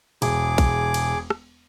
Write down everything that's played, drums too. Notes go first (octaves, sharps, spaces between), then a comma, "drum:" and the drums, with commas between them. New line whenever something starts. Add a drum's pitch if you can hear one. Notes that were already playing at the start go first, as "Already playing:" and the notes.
E1 G#4 D6, drum: cymbal
drum: kick, cymbal
drum: cymbal
drum: rim click